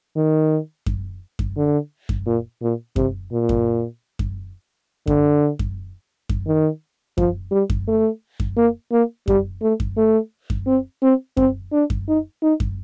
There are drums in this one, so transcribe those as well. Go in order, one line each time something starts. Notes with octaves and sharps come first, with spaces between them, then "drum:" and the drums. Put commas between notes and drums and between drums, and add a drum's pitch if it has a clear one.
D#3
drum: kick F#2
drum: kick F#2
D3
drum: kick F#2
A#2
A#2
C3, drum: kick F#2
A#2
drum: kick F#2
drum: kick F#2
D3, drum: kick F#2
drum: kick F#2
drum: kick F#2
D#3
F3, drum: kick F#2
G3
drum: kick F#2
A3
drum: kick F#2
A#3
A#3
G3, drum: kick F#2
A3
drum: kick F#2
A3
drum: kick F#2
C4
C4
C4, drum: kick F#2
D4
drum: kick F#2
D#4
D#4
drum: kick F#2